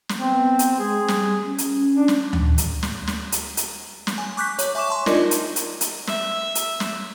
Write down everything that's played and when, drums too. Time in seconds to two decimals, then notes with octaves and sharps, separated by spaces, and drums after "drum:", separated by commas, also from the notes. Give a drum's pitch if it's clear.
0.09 drum: snare
0.19 B3 C4
0.59 drum: hi-hat
0.79 G#3 G#4
1.08 G3, drum: snare
1.45 C#4
1.58 drum: hi-hat
1.95 D4
2.08 drum: snare
2.33 drum: tom D2
2.58 drum: hi-hat
2.83 drum: snare
3.07 drum: snare
3.32 drum: hi-hat
3.57 drum: hi-hat
4.07 drum: snare
4.18 G#5
4.37 C#6 D6 F#6 G6 B6
4.59 C#5, drum: hi-hat
4.75 E5 G#5 C#6 D6 E7
4.90 A5 C6
5.06 D4 D#4 F4 A#4 D5 D#5, drum: snare
5.31 drum: hi-hat
5.56 drum: hi-hat
5.81 drum: hi-hat
6.07 E5, drum: snare
6.55 drum: hi-hat
6.80 drum: snare